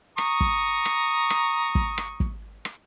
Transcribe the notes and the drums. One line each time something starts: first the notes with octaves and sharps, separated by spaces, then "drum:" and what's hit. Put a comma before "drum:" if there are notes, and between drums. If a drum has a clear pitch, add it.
A#5 C#6 D#6, drum: rim click
drum: kick
drum: rim click
drum: rim click
drum: kick
drum: rim click
drum: kick
drum: rim click